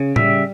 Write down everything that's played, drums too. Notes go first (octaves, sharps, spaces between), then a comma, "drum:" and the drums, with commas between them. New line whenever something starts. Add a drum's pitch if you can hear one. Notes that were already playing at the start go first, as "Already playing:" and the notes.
Already playing: C#3
G3 E5, drum: tom A2